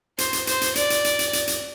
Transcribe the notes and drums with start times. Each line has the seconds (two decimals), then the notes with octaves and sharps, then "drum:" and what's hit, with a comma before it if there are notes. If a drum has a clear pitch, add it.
0.18 C5, drum: hi-hat
0.33 drum: hi-hat
0.47 C5, drum: hi-hat
0.61 drum: hi-hat
0.75 D5, drum: hi-hat
0.90 drum: hi-hat
1.04 drum: hi-hat
1.19 drum: hi-hat
1.33 drum: hi-hat
1.47 drum: hi-hat